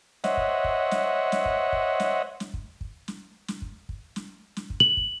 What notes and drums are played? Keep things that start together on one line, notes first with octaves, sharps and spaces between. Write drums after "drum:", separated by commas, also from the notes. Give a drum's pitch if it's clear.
C5 C#5 D#5 E5 F#5, drum: snare
drum: kick
drum: kick
drum: snare
drum: snare
drum: kick
drum: kick
drum: snare
drum: snare
drum: kick
drum: kick
drum: snare
drum: snare
drum: kick
drum: kick
drum: snare
drum: snare
drum: kick
F#7
drum: kick